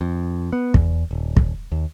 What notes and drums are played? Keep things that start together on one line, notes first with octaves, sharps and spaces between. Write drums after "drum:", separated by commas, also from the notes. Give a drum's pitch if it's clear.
F2
B3
E2, drum: kick
D#1
drum: kick
D#2